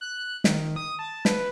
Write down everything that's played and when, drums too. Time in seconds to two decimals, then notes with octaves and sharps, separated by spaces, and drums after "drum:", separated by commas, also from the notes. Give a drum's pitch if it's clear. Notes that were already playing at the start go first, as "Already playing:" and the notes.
0.01 F#6
0.44 D#3, drum: snare
0.76 D#6
0.99 A5
1.25 B4, drum: snare